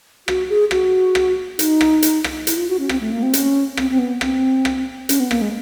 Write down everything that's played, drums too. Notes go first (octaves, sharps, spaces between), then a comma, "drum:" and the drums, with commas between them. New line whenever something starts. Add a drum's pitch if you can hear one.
F#4, drum: rim click
G#4
F#4, drum: rim click
drum: rim click
D#4, drum: hi-hat
drum: rim click
drum: hi-hat
drum: rim click
E4, drum: hi-hat
F4
F#4
C#4
C4, drum: rim click
A3
A#3
C4
C#4, drum: hi-hat
C4, drum: rim click
C4
B3
C4, drum: rim click
drum: rim click
C#4, drum: hi-hat
B3
A#3, drum: rim click
G#3